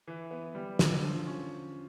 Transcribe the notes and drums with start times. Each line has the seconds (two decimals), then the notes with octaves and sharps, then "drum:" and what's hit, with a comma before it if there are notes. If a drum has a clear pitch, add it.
0.07 E3
0.31 B3
0.55 G3
0.79 D3, drum: snare
1.03 F3
1.27 C#4